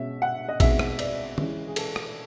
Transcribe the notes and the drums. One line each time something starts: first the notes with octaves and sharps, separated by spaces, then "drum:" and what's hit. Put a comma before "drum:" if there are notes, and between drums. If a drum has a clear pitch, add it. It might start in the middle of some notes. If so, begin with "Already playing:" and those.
Already playing: B2 G#3 C#4 E5
F#5
D#5
B2 G#3 C4 D#4 E5, drum: kick A1, cymbal
drum: rim click
D5, drum: cymbal
E3 G#3 C#4, drum: tom
G#4
A4, drum: cymbal
drum: rim click